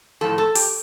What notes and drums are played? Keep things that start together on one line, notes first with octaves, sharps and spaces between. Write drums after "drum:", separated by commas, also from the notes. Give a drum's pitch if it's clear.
A2 F3 A4
A4
G4, drum: open hi-hat